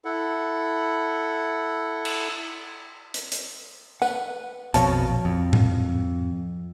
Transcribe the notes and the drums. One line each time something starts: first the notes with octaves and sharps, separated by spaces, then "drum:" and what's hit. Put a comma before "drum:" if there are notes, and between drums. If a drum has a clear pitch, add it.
E4 A4 F#5
drum: cymbal
drum: hi-hat
drum: hi-hat
B4 F#5, drum: tambourine
A#1 F2 B2 C#5 F5 A5, drum: hi-hat
F2
drum: tom G#2